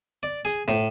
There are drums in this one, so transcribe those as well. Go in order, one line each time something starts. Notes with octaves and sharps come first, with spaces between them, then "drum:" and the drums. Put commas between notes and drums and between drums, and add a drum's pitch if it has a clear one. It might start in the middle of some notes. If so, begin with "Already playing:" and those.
D5
G#4, drum: hi-hat
A2, drum: snare